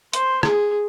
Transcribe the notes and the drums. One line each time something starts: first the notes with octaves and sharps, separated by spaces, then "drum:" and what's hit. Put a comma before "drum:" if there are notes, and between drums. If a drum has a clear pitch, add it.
C5, drum: hi-hat
G#4, drum: rim click